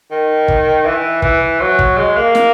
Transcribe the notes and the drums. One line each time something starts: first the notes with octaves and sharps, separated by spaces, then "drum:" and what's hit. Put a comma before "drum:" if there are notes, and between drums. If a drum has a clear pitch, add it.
D#3
drum: kick
E3
E3, drum: kick
F#3
drum: kick
G#3
A#3
drum: snare